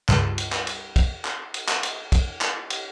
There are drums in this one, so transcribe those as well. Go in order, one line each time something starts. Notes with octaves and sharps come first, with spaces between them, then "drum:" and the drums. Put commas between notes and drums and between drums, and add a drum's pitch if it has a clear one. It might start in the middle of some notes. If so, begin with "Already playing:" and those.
C#2 G2, drum: clap
drum: cymbal
drum: clap
drum: cymbal
drum: kick, cymbal
drum: clap
drum: cymbal
drum: clap
drum: cymbal
drum: kick, cymbal
drum: clap
drum: cymbal